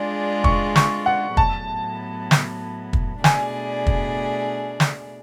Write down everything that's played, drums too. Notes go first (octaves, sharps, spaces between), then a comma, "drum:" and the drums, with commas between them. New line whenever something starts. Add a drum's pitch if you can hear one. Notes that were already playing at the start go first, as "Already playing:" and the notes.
Already playing: G#3 D4 F4 G#4 D5
C#6, drum: kick
C#6, drum: snare
F#5
A2 F#3 B3 A5, drum: kick
drum: snare
drum: kick
B2 A3 D4 G#4 D5 G#5, drum: snare
drum: kick
drum: snare